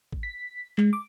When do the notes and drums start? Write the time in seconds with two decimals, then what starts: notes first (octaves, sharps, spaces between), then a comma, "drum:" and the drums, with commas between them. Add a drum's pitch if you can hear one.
0.12 drum: kick
0.23 B6
0.78 G#3, drum: clap
0.93 D6